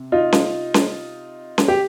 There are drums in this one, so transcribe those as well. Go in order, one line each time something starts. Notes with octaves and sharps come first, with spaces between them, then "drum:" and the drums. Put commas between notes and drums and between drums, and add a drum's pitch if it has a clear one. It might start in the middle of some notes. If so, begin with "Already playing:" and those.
Already playing: C3
D#4 F4
drum: snare C#4
drum: snare C#4
drum: snare C#4
G4